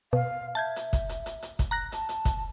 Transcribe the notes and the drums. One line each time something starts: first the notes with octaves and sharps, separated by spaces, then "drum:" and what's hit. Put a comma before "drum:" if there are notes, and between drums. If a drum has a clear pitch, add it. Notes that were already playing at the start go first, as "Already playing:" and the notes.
B2 F5
E5 A5 G6 G#6
drum: hi-hat
drum: kick, hi-hat
drum: hi-hat
drum: hi-hat
drum: hi-hat
drum: kick, hi-hat
A#5 F#6 A#6
A5, drum: hi-hat
drum: hi-hat
drum: kick, hi-hat